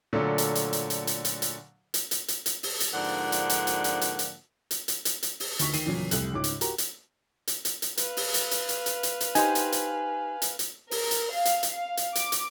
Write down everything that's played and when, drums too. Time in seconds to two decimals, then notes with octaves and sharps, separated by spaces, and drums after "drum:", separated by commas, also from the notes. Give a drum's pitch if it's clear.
0.13 A#2 D3 F#3 A3
0.38 drum: hi-hat
0.55 drum: hi-hat
0.73 drum: hi-hat
0.90 drum: hi-hat
1.07 drum: hi-hat
1.25 drum: hi-hat
1.42 drum: hi-hat
1.94 drum: hi-hat
2.11 drum: hi-hat
2.28 drum: hi-hat
2.46 drum: hi-hat
2.63 drum: open hi-hat
2.80 drum: hi-hat
2.93 G#2 D3 F3 A#3 D4 F#5
3.32 drum: hi-hat
3.50 drum: hi-hat
3.67 drum: hi-hat
3.84 drum: hi-hat
4.01 drum: hi-hat
4.19 drum: hi-hat
4.71 drum: hi-hat
4.88 drum: hi-hat
5.05 drum: hi-hat
5.23 drum: hi-hat
5.40 drum: open hi-hat
5.59 D2 D#4 C#6 B6, drum: hi-hat
5.73 D#3 C7 D#7, drum: hi-hat
5.85 E2 A#2 C#3 F3 F#3 C#4
6.11 F1 C2 A4 F#6 F#7, drum: hi-hat
6.33 C#2 G#2 C#5 D6
6.44 drum: hi-hat
6.61 F#4 G4 A#4 A#5, drum: hi-hat
6.78 drum: hi-hat
7.47 drum: hi-hat
7.65 drum: hi-hat
7.82 drum: hi-hat
7.97 B4 F5, drum: hi-hat
8.17 drum: open hi-hat
8.34 drum: hi-hat
8.51 drum: hi-hat
8.69 drum: hi-hat
8.86 drum: hi-hat
9.03 drum: hi-hat
9.21 drum: hi-hat
9.35 D#4 G4 C5 G#5, drum: hi-hat
9.55 drum: hi-hat
9.72 drum: hi-hat
10.42 drum: hi-hat
10.59 drum: hi-hat
10.91 A#4, drum: open hi-hat
11.11 drum: hi-hat
11.31 F5
11.45 drum: hi-hat
11.63 drum: hi-hat
11.72 F5
11.97 drum: hi-hat
12.15 D6, drum: hi-hat
12.32 drum: hi-hat